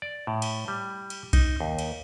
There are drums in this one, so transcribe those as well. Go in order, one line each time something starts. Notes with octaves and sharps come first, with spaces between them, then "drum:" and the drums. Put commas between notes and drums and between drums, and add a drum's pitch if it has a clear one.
D5
A2
drum: cymbal
G3
drum: cymbal
D#4, drum: kick B1, cymbal
D#2
drum: cymbal